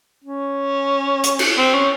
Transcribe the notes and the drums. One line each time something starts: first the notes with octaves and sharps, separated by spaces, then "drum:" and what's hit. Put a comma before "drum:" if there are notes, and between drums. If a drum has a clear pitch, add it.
C#4
drum: hi-hat
drum: cymbal
C4
C#4